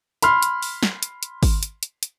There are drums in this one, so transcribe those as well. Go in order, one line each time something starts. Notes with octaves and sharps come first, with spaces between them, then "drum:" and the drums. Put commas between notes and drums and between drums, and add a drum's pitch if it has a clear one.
B5 C6 F6, drum: hi-hat
drum: hi-hat
drum: open hi-hat
drum: snare
drum: hi-hat
drum: hi-hat
drum: kick G#1, open hi-hat
drum: hi-hat
drum: hi-hat
drum: hi-hat